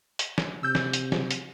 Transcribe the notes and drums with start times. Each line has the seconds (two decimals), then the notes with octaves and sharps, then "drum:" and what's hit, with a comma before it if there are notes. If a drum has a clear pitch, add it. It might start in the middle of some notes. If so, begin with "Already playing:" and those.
0.19 drum: hi-hat
0.38 drum: snare
0.63 C3 E6 G6
0.75 drum: snare
0.93 drum: hi-hat
1.12 C#3 F3 F#3, drum: snare
1.31 drum: hi-hat